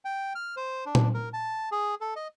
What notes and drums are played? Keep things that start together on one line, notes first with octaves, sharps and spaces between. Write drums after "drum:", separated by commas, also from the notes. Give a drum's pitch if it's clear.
G5
F6
C5
D4
drum: tom A#2
A#4
A5
G#4
A4
D#5